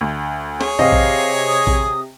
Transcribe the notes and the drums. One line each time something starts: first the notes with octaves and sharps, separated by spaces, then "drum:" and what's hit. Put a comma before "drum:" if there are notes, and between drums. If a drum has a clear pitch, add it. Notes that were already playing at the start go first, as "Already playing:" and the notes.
D2
G#4 C#5, drum: snare
C3 C4 D#5 F5, drum: tom G2
drum: kick
D#6
C3, drum: kick